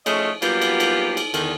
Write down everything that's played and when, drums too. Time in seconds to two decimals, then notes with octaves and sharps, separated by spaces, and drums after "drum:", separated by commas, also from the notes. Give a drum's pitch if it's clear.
0.06 F3 A3 C#4 G#4 D#5, drum: cymbal
0.42 F#3 G3 A#3 B3 F4 G4, drum: cymbal
0.62 drum: cymbal
0.80 drum: cymbal
1.17 drum: cymbal
1.34 E2 D3 D#3, drum: cymbal